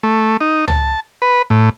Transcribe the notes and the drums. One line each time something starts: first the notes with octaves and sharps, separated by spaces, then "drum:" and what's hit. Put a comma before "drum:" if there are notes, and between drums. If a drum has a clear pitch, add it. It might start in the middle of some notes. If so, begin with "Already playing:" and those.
A3
D#4
A5, drum: tom
B4
A2